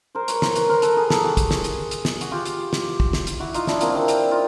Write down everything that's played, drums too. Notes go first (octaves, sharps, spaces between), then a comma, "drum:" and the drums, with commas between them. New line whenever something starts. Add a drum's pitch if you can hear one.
A#4 C5
B4 C#5, drum: hi-hat
A#4 C5, drum: snare
B4 C#5, drum: hi-hat
A#4 C5
A4 B4, drum: hi-hat
G#4 A#4
G4 A4, drum: snare
F#4 G#4
drum: kick, hi-hat
drum: snare
drum: hi-hat
drum: hi-hat
drum: snare
F#4, drum: hi-hat
F4 G4
drum: hi-hat
drum: snare
drum: kick
drum: snare
drum: hi-hat
E4 F#4
D#4 F4, drum: hi-hat
D4 E4, drum: snare
A#3 C4, drum: hi-hat
C4 D4
drum: hi-hat
D#4 F4